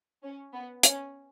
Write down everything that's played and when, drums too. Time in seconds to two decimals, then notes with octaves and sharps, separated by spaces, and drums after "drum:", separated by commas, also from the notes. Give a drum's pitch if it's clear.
0.23 C#4
0.53 B3
0.83 C#4, drum: hi-hat